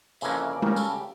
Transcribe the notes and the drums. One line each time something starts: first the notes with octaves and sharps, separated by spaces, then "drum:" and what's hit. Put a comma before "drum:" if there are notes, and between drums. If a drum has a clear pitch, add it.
F2 C#3 E3 A#3 C#4 E5, drum: tambourine
F5
E5
D5
C#3 G3 C#4 A#4, drum: tom G#3
A4, drum: tambourine
G4